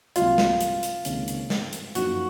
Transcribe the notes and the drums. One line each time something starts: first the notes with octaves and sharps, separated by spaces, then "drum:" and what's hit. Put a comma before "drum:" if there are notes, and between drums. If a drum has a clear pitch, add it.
C2 C3 F#3 A#3 F4, drum: hi-hat
drum: snare
drum: hi-hat
drum: hi-hat
C#2 C3 D#3 A#3 C#4, drum: hi-hat
drum: hi-hat
drum: snare
drum: hi-hat
F#2 F3 A#3 D#4 F#4, drum: hi-hat